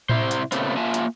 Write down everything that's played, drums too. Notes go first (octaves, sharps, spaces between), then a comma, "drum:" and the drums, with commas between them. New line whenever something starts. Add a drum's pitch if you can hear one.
C3 E4 C5, drum: tom A2
drum: hi-hat
A#2 C#3 A3 B3 C4, drum: hi-hat
A#3 F4 E5 G#5 A5
drum: hi-hat